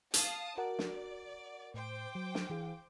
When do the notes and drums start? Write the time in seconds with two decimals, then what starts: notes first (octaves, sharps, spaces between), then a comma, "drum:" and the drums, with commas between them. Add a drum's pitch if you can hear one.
0.14 F5 A5 D#6, drum: hi-hat
0.58 F#4 A#4 D5 F#5
0.79 drum: snare
1.74 A2 C5 G5 D6
2.15 F#3
2.35 drum: snare
2.50 E3 G#4 F5